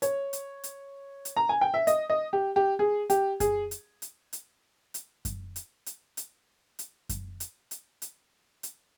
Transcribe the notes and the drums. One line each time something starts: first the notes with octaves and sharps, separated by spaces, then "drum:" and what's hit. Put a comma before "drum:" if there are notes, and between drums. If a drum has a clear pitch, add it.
C#5, drum: hi-hat
drum: hi-hat
drum: hi-hat
drum: hi-hat
A#5
G#5
G5
E5
D#5, drum: hi-hat
D#5
G4
G4
G#4
G4, drum: hi-hat
G#4, drum: kick F#2, hi-hat
drum: hi-hat
drum: hi-hat
drum: hi-hat
drum: hi-hat
drum: kick F#2, hi-hat
drum: hi-hat
drum: hi-hat
drum: hi-hat
drum: hi-hat
drum: kick F#2, hi-hat
drum: hi-hat
drum: hi-hat
drum: hi-hat
drum: hi-hat